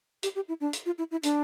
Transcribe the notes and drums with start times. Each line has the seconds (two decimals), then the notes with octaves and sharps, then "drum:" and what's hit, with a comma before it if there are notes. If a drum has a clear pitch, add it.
0.23 G4, drum: hi-hat
0.35 G4
0.48 E4
0.61 D4
0.73 drum: hi-hat
0.86 F4
0.98 E4
1.11 E4
1.23 D4, drum: hi-hat